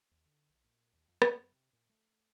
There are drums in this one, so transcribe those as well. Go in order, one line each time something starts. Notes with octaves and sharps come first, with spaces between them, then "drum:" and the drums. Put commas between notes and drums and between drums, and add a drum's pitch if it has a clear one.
D#2
D3
A#1
A#2
D#2
F2
F#2, drum: rim click
F#2
C3
A#2
A3